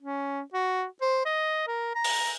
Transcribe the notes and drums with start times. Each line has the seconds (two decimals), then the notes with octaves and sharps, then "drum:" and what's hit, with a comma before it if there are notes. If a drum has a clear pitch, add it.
0.01 C#4
0.54 F#4
1.01 C5
1.26 D#5
1.67 A#4
1.95 A#5
2.04 drum: open hi-hat